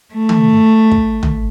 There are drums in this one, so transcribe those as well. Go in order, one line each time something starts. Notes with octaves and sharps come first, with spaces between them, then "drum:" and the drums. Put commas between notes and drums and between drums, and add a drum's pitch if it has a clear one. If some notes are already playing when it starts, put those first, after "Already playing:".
A3
drum: tom D#3
drum: kick
drum: tom